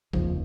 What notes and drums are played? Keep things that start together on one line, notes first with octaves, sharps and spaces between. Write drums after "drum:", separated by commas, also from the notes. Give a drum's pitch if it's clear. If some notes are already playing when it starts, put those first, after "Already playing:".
F1 D#2 C#3 F3, drum: kick